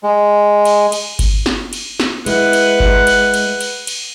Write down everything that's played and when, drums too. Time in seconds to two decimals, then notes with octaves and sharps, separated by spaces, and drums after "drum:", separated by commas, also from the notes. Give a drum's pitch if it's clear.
0.03 G#3
0.65 drum: cymbal
0.92 drum: cymbal
1.19 drum: kick G1, cymbal
1.46 drum: snare
1.73 drum: cymbal
2.00 drum: snare
2.26 G#3 E4 B4 F#5, drum: cymbal
2.53 drum: cymbal
2.80 drum: kick G1
3.07 drum: cymbal
3.34 drum: cymbal
3.61 drum: cymbal
3.87 drum: cymbal